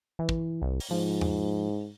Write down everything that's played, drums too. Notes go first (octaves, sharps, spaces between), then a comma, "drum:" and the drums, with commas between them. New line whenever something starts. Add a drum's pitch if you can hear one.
E3
drum: kick
C2
drum: open hi-hat
G#2 F3
drum: tom E2